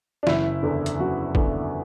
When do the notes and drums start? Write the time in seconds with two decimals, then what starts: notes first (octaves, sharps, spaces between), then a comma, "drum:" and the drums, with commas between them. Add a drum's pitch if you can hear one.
0.23 D4
0.27 F#1 E4, drum: snare
0.63 E2 D3
0.86 drum: hi-hat
0.99 F#1 F#4
1.35 E2 D3, drum: kick